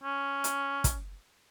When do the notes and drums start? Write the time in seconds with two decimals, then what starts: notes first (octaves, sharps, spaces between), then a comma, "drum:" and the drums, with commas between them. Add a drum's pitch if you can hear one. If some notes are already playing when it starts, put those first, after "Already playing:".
0.04 C#4
0.44 drum: hi-hat
0.84 drum: kick, hi-hat